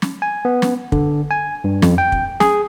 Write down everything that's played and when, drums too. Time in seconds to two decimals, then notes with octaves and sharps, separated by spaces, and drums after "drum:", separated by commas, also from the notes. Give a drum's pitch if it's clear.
0.02 drum: snare
0.22 G#5
0.45 B3
0.62 drum: snare
0.92 D3, drum: kick
1.31 G#5
1.64 G2
1.82 F2, drum: snare
1.98 G5
2.12 drum: kick
2.40 G#4, drum: snare